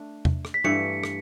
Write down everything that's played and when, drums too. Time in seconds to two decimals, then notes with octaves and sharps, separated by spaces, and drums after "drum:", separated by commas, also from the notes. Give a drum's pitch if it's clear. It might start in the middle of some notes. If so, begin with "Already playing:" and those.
Already playing: A3 D4
0.25 drum: tom E2
0.45 drum: rim click
0.54 B6
0.64 G2 E3 A3 C#7
1.04 drum: rim click